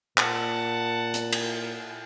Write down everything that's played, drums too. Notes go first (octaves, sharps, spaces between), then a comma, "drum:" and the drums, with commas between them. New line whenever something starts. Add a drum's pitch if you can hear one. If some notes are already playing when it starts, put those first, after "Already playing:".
A#2 F#5 A5, drum: clap
drum: hi-hat
drum: cymbal